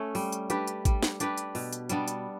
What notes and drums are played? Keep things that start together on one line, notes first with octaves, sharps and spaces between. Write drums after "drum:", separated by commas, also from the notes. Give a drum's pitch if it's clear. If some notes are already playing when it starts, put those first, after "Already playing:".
Already playing: A3 C#4
G3, drum: open hi-hat
drum: hi-hat
D4 G4 B4, drum: hi-hat
drum: hi-hat
G3, drum: kick G#1, hi-hat
drum: snare
D4 G4 B4, drum: hi-hat
drum: hi-hat
B2, drum: open hi-hat
drum: hi-hat
G3 B3 D4, drum: hi-hat
drum: hi-hat